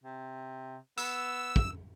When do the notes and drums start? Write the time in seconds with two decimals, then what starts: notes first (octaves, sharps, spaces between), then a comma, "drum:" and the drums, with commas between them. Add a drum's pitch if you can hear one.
0.04 C3
0.98 B3 E6, drum: tambourine
1.56 drum: kick